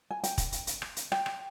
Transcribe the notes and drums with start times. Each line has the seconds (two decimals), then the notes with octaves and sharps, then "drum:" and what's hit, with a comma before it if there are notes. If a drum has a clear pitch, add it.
0.11 G#5
0.24 G5, drum: hi-hat
0.38 drum: kick, hi-hat
0.52 drum: hi-hat
0.67 drum: hi-hat
0.82 drum: rim click
0.96 drum: hi-hat
1.12 G5, drum: rim click
1.26 drum: rim click